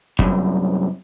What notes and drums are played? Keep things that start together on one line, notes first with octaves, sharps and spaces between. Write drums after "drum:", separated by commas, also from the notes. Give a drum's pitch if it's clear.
C2 F#2, drum: kick